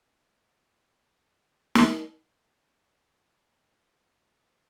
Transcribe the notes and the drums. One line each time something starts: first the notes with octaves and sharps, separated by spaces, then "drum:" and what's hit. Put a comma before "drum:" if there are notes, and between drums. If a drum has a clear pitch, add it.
C#4 G4
G#3 B4
B3 B4
A4
drum: snare
D#5 F5